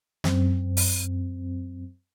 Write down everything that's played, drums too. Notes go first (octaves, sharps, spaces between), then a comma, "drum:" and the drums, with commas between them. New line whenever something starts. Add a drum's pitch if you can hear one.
F#2 C4, drum: snare
drum: open hi-hat